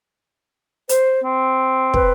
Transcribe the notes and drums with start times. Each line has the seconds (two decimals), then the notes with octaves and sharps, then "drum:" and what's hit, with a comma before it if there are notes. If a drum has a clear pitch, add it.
0.89 C5, drum: hi-hat
1.24 C4
1.94 B4, drum: kick